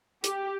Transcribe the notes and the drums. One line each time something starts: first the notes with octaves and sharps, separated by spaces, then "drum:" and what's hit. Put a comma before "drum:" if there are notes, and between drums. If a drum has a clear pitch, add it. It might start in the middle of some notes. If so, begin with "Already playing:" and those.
G4, drum: hi-hat